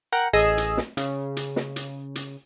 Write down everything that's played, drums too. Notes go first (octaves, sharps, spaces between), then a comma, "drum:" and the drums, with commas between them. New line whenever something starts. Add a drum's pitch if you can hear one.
A#4 F#5 G5
A1 G#4 D#5 E6
drum: hi-hat
drum: snare
C#3, drum: hi-hat
drum: hi-hat
drum: snare
drum: hi-hat
drum: hi-hat